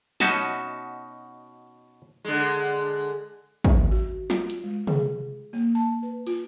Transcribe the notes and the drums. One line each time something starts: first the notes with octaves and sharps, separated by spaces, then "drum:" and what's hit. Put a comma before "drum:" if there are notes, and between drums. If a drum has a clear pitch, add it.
B2 C#4 D#4 F#4 E5 A5, drum: snare
D3 G#3
E5, drum: kick
F#4
F4, drum: snare
drum: hi-hat
G#3
G#4, drum: tom C3
A#3
A5
B4
F4, drum: open hi-hat